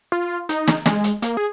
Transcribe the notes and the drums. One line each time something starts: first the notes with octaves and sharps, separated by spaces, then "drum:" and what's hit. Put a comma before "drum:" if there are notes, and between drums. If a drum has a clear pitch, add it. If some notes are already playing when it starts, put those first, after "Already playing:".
F4
D#4, drum: hi-hat
drum: snare
G#3, drum: snare
drum: hi-hat
A#3, drum: hi-hat
G#4